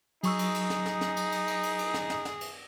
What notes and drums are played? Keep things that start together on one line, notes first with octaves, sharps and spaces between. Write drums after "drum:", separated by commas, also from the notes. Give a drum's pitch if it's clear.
F#3 D#4 G#4 C#6 E6, drum: cymbal
drum: cymbal
drum: cymbal
drum: snare
drum: snare
drum: snare
drum: cymbal
drum: cymbal
drum: cymbal
drum: cymbal
drum: cymbal
drum: snare
drum: snare
drum: snare
drum: cymbal